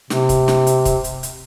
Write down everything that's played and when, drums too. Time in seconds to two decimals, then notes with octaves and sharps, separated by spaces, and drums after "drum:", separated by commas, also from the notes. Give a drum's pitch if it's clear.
0.10 C3, drum: snare
0.29 drum: kick, hi-hat
0.48 drum: snare
0.67 drum: hi-hat
0.85 drum: kick, hi-hat
1.04 drum: hi-hat
1.23 drum: hi-hat